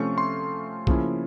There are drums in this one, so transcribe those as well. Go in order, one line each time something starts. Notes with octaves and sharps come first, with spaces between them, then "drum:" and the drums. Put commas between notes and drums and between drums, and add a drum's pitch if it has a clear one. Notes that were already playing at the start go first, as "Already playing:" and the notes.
Already playing: C3 F3 A3 C#4 F4 C#6
C6
C#3 F3 A#3 C#4 E4, drum: kick A#1